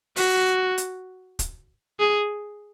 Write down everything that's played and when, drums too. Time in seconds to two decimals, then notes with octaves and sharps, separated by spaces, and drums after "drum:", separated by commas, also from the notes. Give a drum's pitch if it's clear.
0.16 F#4, drum: open hi-hat
0.78 drum: hi-hat
1.39 drum: kick, hi-hat
2.00 G#4